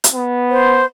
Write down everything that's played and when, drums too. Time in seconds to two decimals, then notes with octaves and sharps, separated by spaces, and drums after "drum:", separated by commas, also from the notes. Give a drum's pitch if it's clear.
0.04 drum: hi-hat
0.14 B3
0.50 C5